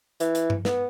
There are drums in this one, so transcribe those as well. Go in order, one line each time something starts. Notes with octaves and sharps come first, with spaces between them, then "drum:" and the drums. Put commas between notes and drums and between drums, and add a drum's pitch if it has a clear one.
E3, drum: hi-hat
drum: hi-hat
drum: tom G2
B3, drum: snare